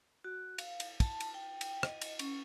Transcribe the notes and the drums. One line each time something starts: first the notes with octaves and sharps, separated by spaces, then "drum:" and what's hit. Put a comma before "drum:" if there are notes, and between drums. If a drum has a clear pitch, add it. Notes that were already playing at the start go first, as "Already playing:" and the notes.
F#4
F5, drum: cymbal
drum: cymbal
A5, drum: kick, cymbal
drum: cymbal
G5
drum: cymbal
D#5, drum: rim click
drum: cymbal
C#4, drum: cymbal